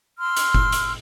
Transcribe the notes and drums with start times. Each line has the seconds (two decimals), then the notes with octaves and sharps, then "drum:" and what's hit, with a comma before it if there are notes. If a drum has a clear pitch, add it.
0.19 C6 E6 F6
0.37 drum: hi-hat
0.54 drum: kick F#1
0.72 drum: hi-hat